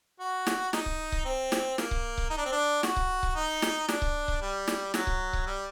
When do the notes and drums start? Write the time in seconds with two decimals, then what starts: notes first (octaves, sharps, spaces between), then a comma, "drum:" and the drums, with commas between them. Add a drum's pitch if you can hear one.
0.20 F#4
0.47 drum: snare
0.73 D#4, drum: snare
0.86 drum: kick C#1
1.12 drum: kick C#1
1.25 C4
1.52 drum: snare
1.78 A#3, drum: snare
1.91 drum: kick C#1
2.18 drum: kick C#1
2.30 D#4
2.38 D4
2.46 C4
2.52 D4
2.83 F#4, drum: snare
2.96 drum: kick C#1
3.23 drum: kick C#1
3.36 D#4
3.62 drum: snare
3.88 D4, drum: snare
4.02 drum: kick C#1
4.28 drum: kick C#1
4.41 G3
4.68 drum: snare
4.94 F#3, drum: snare
5.07 drum: kick C#1
5.33 drum: kick C#1
5.47 G3